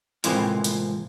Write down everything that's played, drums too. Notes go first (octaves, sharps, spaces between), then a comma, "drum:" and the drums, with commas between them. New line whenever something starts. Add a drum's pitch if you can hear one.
A2 C3 E3 F3 G#3 A#3, drum: hi-hat
drum: hi-hat